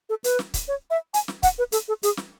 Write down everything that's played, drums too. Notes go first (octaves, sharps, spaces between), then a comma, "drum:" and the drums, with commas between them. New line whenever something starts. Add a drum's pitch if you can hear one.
A4
B4, drum: hi-hat
drum: snare
drum: kick, hi-hat
C#5
E5
G#5, drum: hi-hat
drum: snare
F#5, drum: kick, hi-hat
B4
A4, drum: hi-hat
A4
G#4, drum: hi-hat
drum: snare